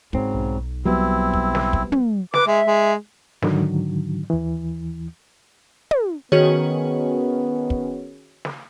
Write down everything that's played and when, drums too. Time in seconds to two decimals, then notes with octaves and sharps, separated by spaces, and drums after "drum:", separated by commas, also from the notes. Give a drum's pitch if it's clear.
0.13 G#2 C#3 F#3 C4, drum: kick
0.34 B1
0.85 F#3 G3 B3 C4 E4
1.34 drum: kick
1.55 drum: snare
1.73 drum: kick
1.92 drum: tom
2.34 B4 D6, drum: snare
2.47 G#3 E5
2.67 G#3
3.42 G#2 D3 D#3 F#3, drum: snare
4.30 D#2 E3
5.91 drum: tom
6.32 D#3 B3 C#4 F#4 G#4 C#5
7.70 drum: kick
8.45 drum: snare